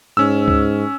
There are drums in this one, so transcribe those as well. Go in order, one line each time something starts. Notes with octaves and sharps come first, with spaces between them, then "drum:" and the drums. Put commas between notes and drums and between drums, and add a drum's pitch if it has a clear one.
G#2 C#4 E6
drum: kick C#2